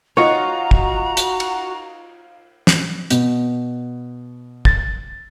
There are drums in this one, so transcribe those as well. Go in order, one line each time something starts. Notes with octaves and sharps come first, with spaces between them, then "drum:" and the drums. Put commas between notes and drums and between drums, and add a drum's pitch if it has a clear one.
D#4 F4 F#4 C#5 D#5 A#5
drum: kick
drum: hi-hat
drum: cymbal
drum: snare
B2, drum: hi-hat
A6, drum: kick